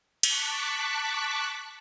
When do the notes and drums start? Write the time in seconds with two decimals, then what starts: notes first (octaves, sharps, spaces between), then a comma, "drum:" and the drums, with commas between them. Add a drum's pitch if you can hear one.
0.23 A5 C#6 D6 F#6 B6, drum: cymbal